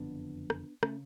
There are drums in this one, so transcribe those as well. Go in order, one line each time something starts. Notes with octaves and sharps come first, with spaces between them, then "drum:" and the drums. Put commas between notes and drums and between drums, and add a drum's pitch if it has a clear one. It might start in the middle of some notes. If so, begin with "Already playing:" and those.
Already playing: F#1 F2 D3 B3 D4
drum: rim click
C#3 A3 C#4, drum: rim click